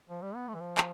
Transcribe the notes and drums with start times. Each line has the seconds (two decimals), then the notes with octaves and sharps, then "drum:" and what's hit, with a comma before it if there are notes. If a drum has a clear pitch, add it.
0.10 F3
0.22 G3
0.35 B3
0.48 A3
0.55 E3
0.60 F3
0.78 drum: clap